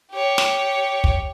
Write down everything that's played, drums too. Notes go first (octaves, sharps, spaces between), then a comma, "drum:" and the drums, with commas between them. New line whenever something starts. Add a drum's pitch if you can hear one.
G4 C#5
drum: snare
drum: kick